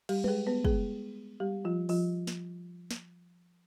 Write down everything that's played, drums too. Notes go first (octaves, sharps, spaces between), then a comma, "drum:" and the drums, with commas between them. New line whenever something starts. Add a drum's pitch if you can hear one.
G3 G4, drum: cymbal
B4, drum: tom
G#3 G#4
B3 B4
G#3 G#4, drum: kick
G3 G4
F3 F4
F3 F4, drum: open hi-hat
drum: snare
drum: snare